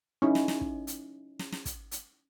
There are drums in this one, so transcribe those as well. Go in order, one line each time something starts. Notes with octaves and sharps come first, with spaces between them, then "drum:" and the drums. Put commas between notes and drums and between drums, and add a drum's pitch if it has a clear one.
C#4 D#4 E4
drum: snare
drum: snare
drum: kick
drum: hi-hat
drum: snare
drum: snare
drum: kick, hi-hat
drum: hi-hat